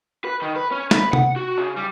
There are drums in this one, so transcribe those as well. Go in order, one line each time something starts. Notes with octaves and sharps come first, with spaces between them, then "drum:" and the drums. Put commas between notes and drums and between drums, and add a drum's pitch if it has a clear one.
B4
D#3
B4
C#4
B4, drum: snare
F#5, drum: tom C3
F#4
C#3
G3